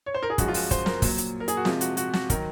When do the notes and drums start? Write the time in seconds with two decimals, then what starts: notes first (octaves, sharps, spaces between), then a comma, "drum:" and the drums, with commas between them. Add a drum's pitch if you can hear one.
0.06 C#5
0.14 C5
0.23 A#4
0.30 G#4
0.38 F#2 F3 G#3 F#4, drum: kick, hi-hat
0.48 F4
0.54 F#4, drum: open hi-hat
0.71 C5, drum: kick, hi-hat
0.86 A#4, drum: snare
1.02 A#2 F#3, drum: kick, open hi-hat
1.18 drum: hi-hat
1.40 A#4
1.48 G#4, drum: hi-hat
1.57 F#4
1.65 C3 F3 G#3 F4, drum: snare
1.81 F#4, drum: hi-hat
1.97 F#4, drum: hi-hat
2.13 F#4, drum: snare
2.30 D#3 F#3 A#4, drum: kick, hi-hat